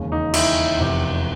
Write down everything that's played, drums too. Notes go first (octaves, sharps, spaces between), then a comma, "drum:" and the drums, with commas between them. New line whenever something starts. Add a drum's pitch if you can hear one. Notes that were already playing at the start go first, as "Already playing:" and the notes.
Already playing: E1 D#2 C#3
D#4
E4, drum: cymbal
F1 E2 C3